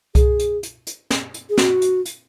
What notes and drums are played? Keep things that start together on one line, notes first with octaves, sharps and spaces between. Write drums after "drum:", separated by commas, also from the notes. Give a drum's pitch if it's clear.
G#4, drum: kick C2, hi-hat
drum: hi-hat
drum: hi-hat
drum: hi-hat
drum: snare
drum: hi-hat
G#4
F#4, drum: snare
drum: hi-hat
drum: hi-hat